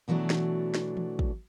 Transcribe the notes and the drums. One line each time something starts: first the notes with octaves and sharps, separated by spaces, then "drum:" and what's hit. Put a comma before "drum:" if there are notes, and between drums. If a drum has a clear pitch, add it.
B2 E3 F#3 A3 D4
drum: snare
drum: snare
drum: tom E3
drum: kick